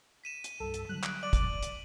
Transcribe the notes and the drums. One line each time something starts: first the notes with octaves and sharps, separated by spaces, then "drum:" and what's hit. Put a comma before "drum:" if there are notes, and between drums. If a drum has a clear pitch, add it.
B6 D#7 E7
drum: hi-hat
C2 G2 A4
drum: hi-hat
D3 F#3 G3 F#6
D7, drum: clap
D5 D7 F#7
drum: kick, hi-hat
drum: hi-hat